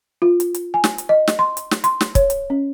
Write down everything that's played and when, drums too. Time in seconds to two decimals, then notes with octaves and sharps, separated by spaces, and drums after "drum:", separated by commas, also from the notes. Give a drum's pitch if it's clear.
0.22 F4
0.40 drum: hi-hat
0.54 drum: hi-hat
0.74 G#5
0.84 drum: snare
0.98 drum: hi-hat
1.09 D#5
1.28 drum: snare
1.39 C6
1.57 drum: hi-hat
1.71 drum: snare
1.84 C6, drum: hi-hat
2.01 drum: snare
2.15 C#5, drum: kick, hi-hat
2.30 drum: hi-hat
2.50 C#4